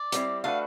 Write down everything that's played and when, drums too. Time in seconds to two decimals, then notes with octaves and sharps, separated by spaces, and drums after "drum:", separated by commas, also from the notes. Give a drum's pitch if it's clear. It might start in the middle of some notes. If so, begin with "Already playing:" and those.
Already playing: D5
0.12 G3 C4 E4, drum: hi-hat
0.44 A3 D4 F#4 B4 F5